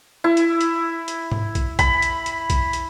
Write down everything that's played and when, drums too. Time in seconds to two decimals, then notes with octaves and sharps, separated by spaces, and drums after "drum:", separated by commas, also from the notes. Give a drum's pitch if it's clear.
0.24 E4
0.37 drum: hi-hat
0.61 drum: hi-hat
1.08 drum: hi-hat
1.32 drum: tom G#2
1.55 drum: kick A#1, hi-hat
1.79 B5, drum: kick A#1, hi-hat
2.02 drum: hi-hat
2.26 drum: hi-hat
2.50 drum: kick A#1, hi-hat
2.73 drum: hi-hat